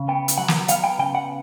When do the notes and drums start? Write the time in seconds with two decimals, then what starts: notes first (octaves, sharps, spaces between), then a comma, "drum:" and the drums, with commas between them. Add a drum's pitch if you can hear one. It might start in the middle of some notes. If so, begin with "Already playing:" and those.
Already playing: C#3
0.08 B3 G5
0.28 drum: hi-hat
0.38 F#3 F#5
0.48 drum: snare
0.68 B3 F5, drum: hi-hat
0.84 G5
0.98 C#3 G5
1.15 F#5